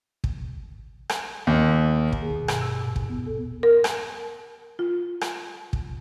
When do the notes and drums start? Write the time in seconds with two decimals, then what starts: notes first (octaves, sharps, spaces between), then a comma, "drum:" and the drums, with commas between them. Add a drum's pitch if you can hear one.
0.24 drum: kick
1.09 drum: rim click
1.47 D#2
2.12 drum: kick
2.22 G#4
2.36 B2
2.48 G2, drum: rim click
2.61 E6
2.81 A#2
2.96 E2, drum: kick
3.09 B3
3.26 A4
3.63 A#4
3.84 drum: rim click
4.79 F4
5.21 drum: rim click
5.73 drum: kick